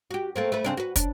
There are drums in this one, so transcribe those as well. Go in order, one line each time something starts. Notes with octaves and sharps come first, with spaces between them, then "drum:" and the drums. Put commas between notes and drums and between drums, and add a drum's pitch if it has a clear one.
F#4 G4
A3 A#3 C4
A3 B4
C#3 C4 D4
F#4 B4
D4, drum: kick, hi-hat